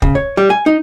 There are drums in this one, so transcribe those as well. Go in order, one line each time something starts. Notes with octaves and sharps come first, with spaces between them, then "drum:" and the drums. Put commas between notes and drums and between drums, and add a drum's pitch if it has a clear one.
C#3, drum: kick
C#5
G3
G#5
D#4